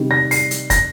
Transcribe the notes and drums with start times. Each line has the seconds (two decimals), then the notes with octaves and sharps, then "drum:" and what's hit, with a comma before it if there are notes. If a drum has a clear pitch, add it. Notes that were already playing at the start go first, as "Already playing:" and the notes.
Already playing: C3 D#3 G3
0.11 A#6
0.31 C7, drum: open hi-hat
0.51 drum: hi-hat
0.70 A#6, drum: kick, hi-hat